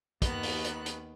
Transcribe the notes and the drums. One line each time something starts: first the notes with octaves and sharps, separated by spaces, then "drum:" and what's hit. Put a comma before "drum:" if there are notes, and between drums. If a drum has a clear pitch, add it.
D#2 D#3 B3 F#6, drum: kick, hi-hat
drum: open hi-hat
drum: hi-hat
drum: hi-hat